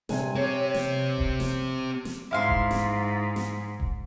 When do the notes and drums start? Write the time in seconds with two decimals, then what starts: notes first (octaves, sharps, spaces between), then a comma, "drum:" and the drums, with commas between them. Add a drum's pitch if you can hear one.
0.09 G2 C3 G#5, drum: snare
0.35 C4 G4 C#5
0.75 drum: snare
1.18 drum: kick D#1
1.40 drum: snare
2.05 drum: snare
2.31 G#2 E4 F5 C6
2.49 drum: kick D#1
2.71 drum: snare
3.36 drum: snare
3.80 drum: kick D#1